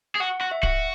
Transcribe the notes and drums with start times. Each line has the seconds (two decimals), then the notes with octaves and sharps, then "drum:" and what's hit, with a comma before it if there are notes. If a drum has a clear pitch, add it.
0.15 G#4
0.20 F#4 F#5
0.41 F#4
0.51 E5
0.63 F#4, drum: kick D1